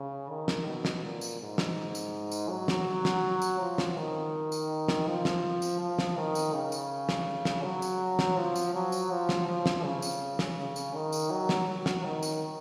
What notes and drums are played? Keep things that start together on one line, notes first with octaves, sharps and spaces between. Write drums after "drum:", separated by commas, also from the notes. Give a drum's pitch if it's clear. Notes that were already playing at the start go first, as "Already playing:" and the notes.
Already playing: C#3
D#3
drum: snare
B2
drum: snare
A#2
drum: tambourine
G#2
drum: snare
drum: tambourine
drum: tambourine
F#3
drum: snare
drum: snare
drum: tambourine
F3
drum: snare
D#3
drum: tambourine
drum: snare
F3
drum: snare
drum: tambourine
F3
drum: snare
D#3
drum: tambourine
C#3
drum: tambourine
drum: snare
drum: snare
F#3
drum: tambourine
drum: snare
F3
drum: tambourine
F#3
drum: tambourine
F3
drum: snare
F3
drum: snare
C#3
drum: tambourine
drum: snare
C#3
drum: tambourine
D#3
drum: tambourine
F#3
drum: snare
F#3
drum: snare
D#3
drum: tambourine